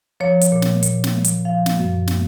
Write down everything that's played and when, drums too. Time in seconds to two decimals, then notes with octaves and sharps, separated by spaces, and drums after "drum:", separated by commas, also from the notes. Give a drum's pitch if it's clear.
0.20 F3 C#5
0.41 drum: hi-hat
0.52 A#2
0.62 drum: snare
0.83 A#2, drum: hi-hat
1.04 drum: snare
1.14 F3
1.24 drum: hi-hat
1.45 F3 F5
1.66 drum: snare
1.76 F#2
2.08 drum: snare